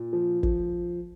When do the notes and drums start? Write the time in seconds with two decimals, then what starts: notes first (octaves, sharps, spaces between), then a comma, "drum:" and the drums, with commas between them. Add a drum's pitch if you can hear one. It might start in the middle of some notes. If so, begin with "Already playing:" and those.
Already playing: A#2
0.13 F3
0.43 F3, drum: kick